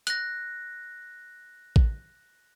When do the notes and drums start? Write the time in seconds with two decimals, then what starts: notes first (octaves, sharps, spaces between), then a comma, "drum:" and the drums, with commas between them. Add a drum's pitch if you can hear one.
0.07 F#6 A#6, drum: hi-hat
1.76 drum: kick A1